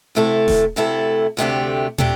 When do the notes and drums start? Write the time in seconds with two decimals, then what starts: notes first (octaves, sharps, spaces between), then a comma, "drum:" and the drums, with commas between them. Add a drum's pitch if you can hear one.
0.15 D2 C3 A3 E4 A4
0.48 drum: snare D#1
0.76 D2 C3 A3 E4 A4
1.37 D2 C3 A3 D4 G4
1.98 C3 A3 D4 G4, drum: tom